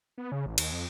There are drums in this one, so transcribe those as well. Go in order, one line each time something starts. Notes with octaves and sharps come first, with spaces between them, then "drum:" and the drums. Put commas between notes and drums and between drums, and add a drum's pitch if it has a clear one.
B3
C#3
A1
D#2, drum: cymbal
F2